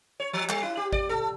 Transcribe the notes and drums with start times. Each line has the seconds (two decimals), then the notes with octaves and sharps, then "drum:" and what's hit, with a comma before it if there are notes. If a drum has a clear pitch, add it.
0.20 C#5
0.33 F3
0.49 G3, drum: clap
0.63 E4
0.77 G4
0.93 D5, drum: kick G#1
1.09 A4